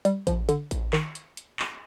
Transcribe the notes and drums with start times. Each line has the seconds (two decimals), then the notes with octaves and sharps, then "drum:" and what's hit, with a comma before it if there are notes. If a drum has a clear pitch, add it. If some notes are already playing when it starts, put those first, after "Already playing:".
0.05 G3, drum: hi-hat
0.27 F3, drum: kick A1, hi-hat
0.49 D3, drum: hi-hat
0.71 drum: kick A1, hi-hat
0.93 D#3, drum: clap
1.15 drum: hi-hat
1.37 drum: hi-hat
1.59 drum: clap